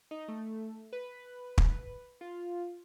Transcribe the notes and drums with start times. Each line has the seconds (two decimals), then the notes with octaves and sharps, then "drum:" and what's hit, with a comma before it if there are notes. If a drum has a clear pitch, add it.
0.11 D#4
0.28 A3
0.93 B4
1.58 drum: kick
2.21 F4